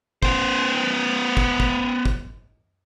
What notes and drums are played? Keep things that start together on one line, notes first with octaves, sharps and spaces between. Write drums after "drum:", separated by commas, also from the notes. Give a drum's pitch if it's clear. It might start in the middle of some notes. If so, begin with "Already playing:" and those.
B3 C5, drum: kick
drum: kick
drum: kick
drum: kick